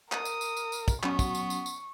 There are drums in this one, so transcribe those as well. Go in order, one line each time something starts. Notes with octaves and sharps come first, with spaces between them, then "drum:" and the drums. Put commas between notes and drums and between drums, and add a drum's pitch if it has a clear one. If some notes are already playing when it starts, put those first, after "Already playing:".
A#4 D#6, drum: clap
drum: tambourine
drum: tambourine
drum: tambourine
drum: tambourine
drum: kick, tambourine
F#3 B3 C#4 C#6, drum: clap
drum: kick, tambourine
drum: tambourine
drum: tambourine
drum: tambourine